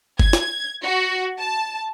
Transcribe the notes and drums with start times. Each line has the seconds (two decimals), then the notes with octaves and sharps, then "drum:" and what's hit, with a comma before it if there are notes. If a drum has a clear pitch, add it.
0.20 G#6, drum: kick
0.33 drum: snare
0.83 F#4
1.40 A5